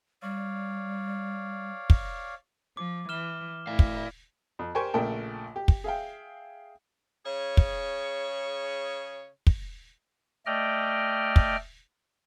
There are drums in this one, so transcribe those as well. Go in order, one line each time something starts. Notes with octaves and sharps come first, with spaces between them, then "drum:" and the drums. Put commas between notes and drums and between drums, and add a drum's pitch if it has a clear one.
G3 C#5 D5 F5
drum: kick
F3 D6
E3 F6 E7 G7
A2 E4 D5 F5
drum: kick
F2
G4 A#4 C5 G5 G#5 C#6
A#1 C#3 A3 A#4 G5 A5
G4
drum: kick
G#4 E5 F5 G5
C#3 G#4 C#5
drum: kick
drum: kick
A3 D5 D#5 G5 F6
drum: kick